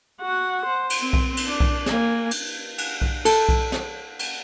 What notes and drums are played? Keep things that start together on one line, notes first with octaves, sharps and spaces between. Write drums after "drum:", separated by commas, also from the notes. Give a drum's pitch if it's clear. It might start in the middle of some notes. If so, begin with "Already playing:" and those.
F#4 F#5
C5
drum: cymbal
C4
drum: kick B1
drum: cymbal
D4
drum: kick B1
A#3 G#5, drum: snare
drum: cymbal
drum: cymbal
drum: kick B1
A4, drum: cymbal
drum: kick B1
drum: snare
drum: cymbal